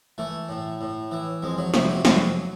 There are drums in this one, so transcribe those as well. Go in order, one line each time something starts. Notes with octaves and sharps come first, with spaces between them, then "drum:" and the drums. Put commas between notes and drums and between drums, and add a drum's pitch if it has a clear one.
E3 A3
A2
A2
E3
F2 G#3
F#3
C3 F3, drum: snare
F#3
F2 F#3, drum: snare